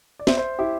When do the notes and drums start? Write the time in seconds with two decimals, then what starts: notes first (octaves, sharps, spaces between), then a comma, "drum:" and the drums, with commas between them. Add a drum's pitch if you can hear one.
0.19 D5
0.27 C5 E5, drum: snare
0.37 C5 E5
0.59 E4 G4